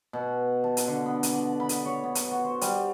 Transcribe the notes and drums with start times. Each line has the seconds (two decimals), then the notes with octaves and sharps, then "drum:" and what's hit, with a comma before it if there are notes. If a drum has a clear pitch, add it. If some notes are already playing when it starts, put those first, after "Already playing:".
0.13 B2
0.64 A5
0.77 drum: hi-hat
0.87 D3
1.06 B3
1.23 drum: hi-hat
1.33 D5
1.60 B5
1.69 drum: hi-hat
1.85 C#5
2.04 B3
2.15 drum: hi-hat
2.31 F#4
2.44 C5
2.61 G3, drum: hi-hat